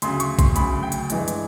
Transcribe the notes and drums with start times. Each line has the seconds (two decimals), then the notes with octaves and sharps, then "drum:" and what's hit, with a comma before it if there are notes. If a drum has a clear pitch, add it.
0.02 D2 C#3 F#3 C6, drum: hi-hat
0.20 C#6, drum: hi-hat
0.39 C6, drum: kick A#1, hi-hat
0.56 D2 C#3 F#3 B5, drum: hi-hat
0.83 G5
0.92 drum: hi-hat
1.10 G2 E3 G#3, drum: hi-hat
1.28 drum: hi-hat